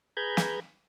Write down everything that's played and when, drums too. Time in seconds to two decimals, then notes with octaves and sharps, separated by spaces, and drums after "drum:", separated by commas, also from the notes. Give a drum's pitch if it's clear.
0.17 G#4 B4 A#5 B5 G6 G#6
0.37 drum: snare